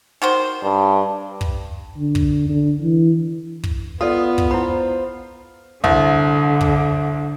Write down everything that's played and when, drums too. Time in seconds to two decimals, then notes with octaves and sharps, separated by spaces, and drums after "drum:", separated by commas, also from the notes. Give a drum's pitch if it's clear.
0.22 D#3 F#4 C5
0.63 G2
1.41 drum: kick
1.97 D3
2.15 drum: kick
2.49 D3
2.82 E3
3.64 drum: kick
4.01 B3 F4 A4 D5
4.38 drum: kick
4.51 E4 C5 B5
5.84 C2 D3, drum: kick
6.61 drum: kick